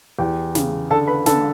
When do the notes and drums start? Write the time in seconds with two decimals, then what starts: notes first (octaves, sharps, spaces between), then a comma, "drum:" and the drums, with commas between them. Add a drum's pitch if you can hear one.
0.19 E2 G4 G5
0.55 C#3, drum: snare
0.91 D3 A4 A5
1.07 B4 B5
1.26 D3 A4 A5, drum: snare